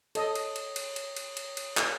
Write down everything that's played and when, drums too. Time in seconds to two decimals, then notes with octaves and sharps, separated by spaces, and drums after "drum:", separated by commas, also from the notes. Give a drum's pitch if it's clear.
0.15 A4 C#5 D#5 D#6, drum: cymbal
0.35 drum: cymbal
0.56 drum: cymbal
0.76 drum: cymbal
0.96 drum: cymbal
1.16 drum: cymbal
1.37 drum: cymbal
1.57 drum: cymbal
1.77 drum: clap